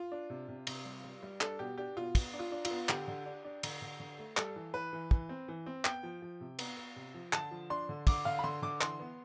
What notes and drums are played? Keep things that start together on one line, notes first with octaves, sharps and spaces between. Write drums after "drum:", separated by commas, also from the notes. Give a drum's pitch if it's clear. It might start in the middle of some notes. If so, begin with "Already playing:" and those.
Already playing: F4
D4
C3
C3
C3, drum: cymbal
G3
G3
G3
D4 A4, drum: clap
B2 G4
D4 G4
B2 F4
B3, drum: kick, cymbal
D4
F4
D4
F4, drum: cymbal
B3
D3 G4, drum: clap
D3
D4
D4
D3, drum: cymbal
D3
D3
A3
G3 A4, drum: clap
E3
E3 B4
E3
E3, drum: kick
C4
E3
C4
B3 G5, drum: clap
F3
F3
C3
B3, drum: cymbal
B3
C3
F3
D3 A5, drum: clap
F3
D4 C6
D3
D3 D6, drum: kick, cymbal
D3 F5
B5
D3 C6
D3 D6
E3 C6, drum: clap
B3